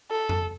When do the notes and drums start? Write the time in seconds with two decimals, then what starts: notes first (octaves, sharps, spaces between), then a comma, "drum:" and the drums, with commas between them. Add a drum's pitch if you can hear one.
0.11 A4
0.29 drum: tom F2